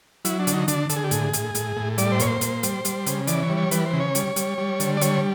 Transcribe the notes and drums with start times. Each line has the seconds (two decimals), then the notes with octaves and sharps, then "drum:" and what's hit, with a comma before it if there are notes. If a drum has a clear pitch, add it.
0.25 F#3 E4, drum: hi-hat
0.39 D4
0.47 D3, drum: hi-hat
0.53 D#4
0.68 D3 D4, drum: hi-hat
0.89 D3 A4, drum: hi-hat
0.96 G#4
1.04 G4
1.11 A2 G#4, drum: hi-hat
1.33 A2, drum: hi-hat
1.55 A2, drum: hi-hat
1.76 A2
1.98 G3 D5, drum: hi-hat
2.12 C5
2.19 A#2 C#5, drum: hi-hat
2.27 C5
2.41 A#2, drum: hi-hat
2.63 G3, drum: hi-hat
2.85 G3, drum: hi-hat
3.06 C#3, drum: hi-hat
3.27 E3 D5, drum: hi-hat
3.43 C#5
3.49 G3
3.57 C#5
3.71 E3 B4, drum: hi-hat
3.86 C5
3.93 C#3
4.00 C#5
4.15 G3, drum: hi-hat
4.36 G3, drum: hi-hat
4.58 G3
4.80 D3, drum: hi-hat
4.97 D5
5.01 G3 C#5, drum: hi-hat